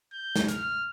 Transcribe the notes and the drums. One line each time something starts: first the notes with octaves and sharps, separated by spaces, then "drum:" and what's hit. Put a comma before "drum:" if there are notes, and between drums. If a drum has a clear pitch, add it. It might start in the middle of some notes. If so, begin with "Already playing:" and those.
G6
drum: snare
F6, drum: hi-hat